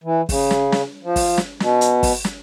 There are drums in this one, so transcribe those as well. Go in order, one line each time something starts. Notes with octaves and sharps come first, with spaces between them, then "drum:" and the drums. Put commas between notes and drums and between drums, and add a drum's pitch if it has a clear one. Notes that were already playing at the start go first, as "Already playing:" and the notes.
E3
C#3, drum: kick, open hi-hat
drum: snare
drum: snare
F3
drum: kick, open hi-hat
drum: snare
B2, drum: snare
drum: hi-hat
drum: kick, open hi-hat
drum: snare